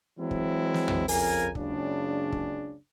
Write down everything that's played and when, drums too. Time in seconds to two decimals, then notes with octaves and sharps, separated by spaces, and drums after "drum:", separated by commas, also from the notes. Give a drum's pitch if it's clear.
0.19 E3 F#3 G#3 C4 E4
0.31 drum: kick
0.74 drum: snare
0.88 drum: tom
1.08 F2 C#3 A#4 G#5, drum: open hi-hat
1.55 F#1 C#2 C#3 D4, drum: kick
2.32 drum: kick